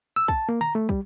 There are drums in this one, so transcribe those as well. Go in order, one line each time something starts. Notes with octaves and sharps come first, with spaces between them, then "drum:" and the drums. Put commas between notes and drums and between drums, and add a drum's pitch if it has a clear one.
E6
A5, drum: kick
A#3
A#5, drum: tom D3
A3
G3, drum: kick